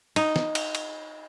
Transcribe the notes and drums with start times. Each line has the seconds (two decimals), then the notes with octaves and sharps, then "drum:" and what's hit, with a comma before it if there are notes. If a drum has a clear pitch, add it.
0.16 D#4, drum: cymbal
0.36 drum: snare
0.55 drum: cymbal
0.75 drum: cymbal